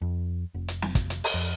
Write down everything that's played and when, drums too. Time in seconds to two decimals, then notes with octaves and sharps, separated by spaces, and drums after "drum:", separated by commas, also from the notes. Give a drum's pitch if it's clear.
0.02 F2
0.54 F1
0.68 drum: hi-hat
0.82 drum: snare
0.95 F1, drum: kick, hi-hat
1.10 drum: hi-hat
1.24 drum: open hi-hat
1.34 F2